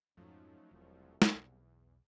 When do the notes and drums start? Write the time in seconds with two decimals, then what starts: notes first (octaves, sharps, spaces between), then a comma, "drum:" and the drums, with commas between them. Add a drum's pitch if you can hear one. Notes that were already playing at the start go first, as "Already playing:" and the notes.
0.17 F2 G#2 F3 F#3 A3 C#4 D#4
0.71 E1 C2
1.22 drum: snare
1.34 B1 E2